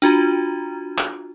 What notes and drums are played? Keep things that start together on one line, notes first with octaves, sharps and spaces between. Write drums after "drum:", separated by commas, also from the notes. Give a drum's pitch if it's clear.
D4 F4 F#4 A#5, drum: tambourine
drum: clap